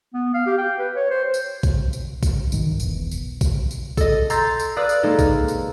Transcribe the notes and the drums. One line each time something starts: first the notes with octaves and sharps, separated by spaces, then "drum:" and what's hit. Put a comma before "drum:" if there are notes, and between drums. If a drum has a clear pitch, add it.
B3
F5
G4
G5
B4
C#5
C5
drum: tambourine
drum: kick A#1, tambourine
drum: tambourine
drum: kick A#1, tambourine
B1 G#2 D#3, drum: tambourine
F#1 B1 E2, drum: tambourine
drum: tambourine
drum: kick A#1, tambourine
drum: tambourine
A4 D#5, drum: kick A#1, tambourine
A#5 C6 E6 G6 A6 A#6, drum: tambourine
drum: tambourine
B4 D5 F5 D#6 E6 F#6
drum: tambourine
G#3 A#3 D#4 A4
drum: kick A#1, tambourine
drum: tambourine